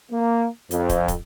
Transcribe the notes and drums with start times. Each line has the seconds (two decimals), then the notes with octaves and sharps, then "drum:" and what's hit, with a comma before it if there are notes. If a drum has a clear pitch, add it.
0.12 A#3
0.71 F2, drum: hi-hat
0.89 drum: kick, hi-hat
1.08 drum: kick, hi-hat